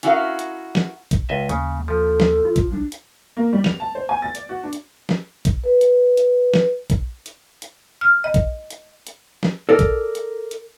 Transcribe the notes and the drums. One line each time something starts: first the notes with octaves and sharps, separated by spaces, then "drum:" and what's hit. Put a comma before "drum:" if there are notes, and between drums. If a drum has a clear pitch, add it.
C#4 E4 F#4 A#4 D#5 F5, drum: hi-hat
drum: hi-hat
drum: snare
drum: kick A#1, hi-hat
C#2 D#5 E5
D#2 C#3, drum: hi-hat
F3 A4
drum: snare
F4
drum: kick A#1, hi-hat
C2 D4
drum: hi-hat
A#3
G3
F7, drum: snare
A5
C5
G#5
A6
D5, drum: hi-hat
F#4
D4
drum: hi-hat
drum: snare
drum: kick A#1, hi-hat
B4
drum: hi-hat
drum: hi-hat
drum: snare
drum: kick A#1, hi-hat
drum: hi-hat
drum: hi-hat
F6
D#5
drum: kick A#1, hi-hat
drum: hi-hat
drum: hi-hat
drum: snare
A4 A#4 D5
drum: kick A#1, hi-hat
drum: hi-hat
drum: hi-hat